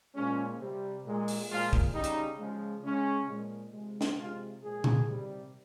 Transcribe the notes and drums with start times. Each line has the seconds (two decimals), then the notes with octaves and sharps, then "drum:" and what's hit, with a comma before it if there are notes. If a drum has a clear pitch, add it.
0.15 A#2 F3 G#3 C#4
0.59 C3 G3
1.04 A#2 G#3
1.28 drum: open hi-hat
1.49 A#2 F3 G#3 F4
1.73 drum: kick
1.93 C#3 G3 D#4
2.04 drum: hi-hat
2.38 C#3 F3 G#3
2.83 C#3 G#3 C#4
3.28 A#2 F3 G#3
3.73 C3 F3 G#3
4.01 drum: snare
4.18 C3 F3 G#3 F4
4.62 A#2 F3 G#3 G#4
4.84 drum: tom A#2
5.07 C3 D#3 G3